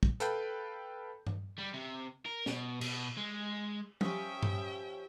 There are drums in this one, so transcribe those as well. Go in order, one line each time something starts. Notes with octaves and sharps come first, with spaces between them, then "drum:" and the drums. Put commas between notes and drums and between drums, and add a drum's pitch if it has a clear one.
drum: kick
A4 B4 F5 G5 B5 G6, drum: hi-hat
drum: tom G2
G3
C3
A#4
B2, drum: snare
B2, drum: cymbal
G#3
F3 C#4 G4 B4 E5 G5 D#6, drum: tom F3
drum: tom G2